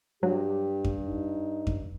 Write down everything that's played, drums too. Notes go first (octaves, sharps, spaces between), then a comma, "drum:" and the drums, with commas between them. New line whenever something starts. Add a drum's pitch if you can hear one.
G2 F#3 G4
drum: kick F2
D#4
drum: kick F2